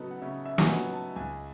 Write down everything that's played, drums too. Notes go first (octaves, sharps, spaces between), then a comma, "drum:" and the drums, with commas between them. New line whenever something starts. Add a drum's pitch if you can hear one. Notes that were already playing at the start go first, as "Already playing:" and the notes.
Already playing: C#3 F#3 B3 D#4 A4 B4
F#5
C#3 E5
E5
G#5, drum: snare
F#3 B3 D#4 F#5
A5
C#2 G#5